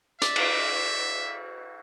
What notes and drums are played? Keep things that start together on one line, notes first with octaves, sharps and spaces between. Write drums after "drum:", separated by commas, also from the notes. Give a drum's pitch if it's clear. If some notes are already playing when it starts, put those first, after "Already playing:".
D5 E5, drum: hi-hat
drum: cymbal